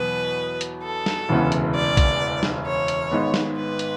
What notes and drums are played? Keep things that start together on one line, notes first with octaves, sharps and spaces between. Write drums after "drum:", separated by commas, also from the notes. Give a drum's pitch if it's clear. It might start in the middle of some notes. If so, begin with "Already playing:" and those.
Already playing: E2 B2 F#3 B3 B4
drum: hi-hat
A4
drum: snare
E1 D2 C#3 E3 B3
drum: hi-hat
D5
drum: kick A#1, hi-hat
drum: snare
C#5
drum: hi-hat
G#1 G#2 G#3 B3
drum: snare
B4
drum: hi-hat